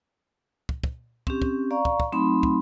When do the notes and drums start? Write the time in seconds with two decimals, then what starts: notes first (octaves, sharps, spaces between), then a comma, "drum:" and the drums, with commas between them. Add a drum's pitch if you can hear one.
0.69 drum: kick
0.84 drum: kick
1.27 C4 C#4 G4, drum: kick
1.42 drum: kick
1.71 D5 F5 A#5 C#6
1.85 drum: kick
2.00 drum: kick
2.12 F#3 A3 C4 D#4 B5 C6
2.43 drum: kick